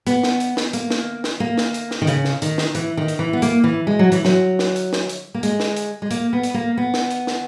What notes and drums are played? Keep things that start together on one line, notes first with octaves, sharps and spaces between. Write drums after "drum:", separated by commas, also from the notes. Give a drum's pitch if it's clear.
B3, drum: hi-hat
drum: snare
drum: hi-hat
drum: snare
A#3, drum: hi-hat
drum: snare
drum: snare
A#3
drum: snare
drum: hi-hat
drum: snare
D#3
C#3, drum: hi-hat
drum: snare
D#3, drum: hi-hat
drum: snare
E3, drum: hi-hat
D#3
drum: hi-hat
E3
B3
A#3, drum: hi-hat
E3
G#3
F#3
E3, drum: hi-hat
F#3, drum: snare
drum: snare
drum: hi-hat
drum: snare
drum: hi-hat
A#3
G#3, drum: hi-hat
drum: snare
drum: hi-hat
G#3
A#3, drum: hi-hat
B3
drum: hi-hat
A#3
B3
drum: snare
drum: hi-hat
drum: snare